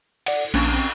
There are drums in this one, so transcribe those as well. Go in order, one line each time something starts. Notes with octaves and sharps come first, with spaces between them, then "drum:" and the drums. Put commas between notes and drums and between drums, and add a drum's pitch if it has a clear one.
D5 F#5, drum: cymbal
A#1 A#3 C#4 D4, drum: cymbal
C4 C#4